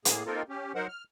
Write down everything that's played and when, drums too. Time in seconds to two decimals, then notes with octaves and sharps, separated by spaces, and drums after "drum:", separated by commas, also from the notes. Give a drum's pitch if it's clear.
0.05 A2 A#3 G#4, drum: hi-hat
0.26 A#3 C4 D#4 F4 A4 A#4
0.49 C#4 G4
0.75 F#3 D#4 A#4 C5 F#5
0.89 F6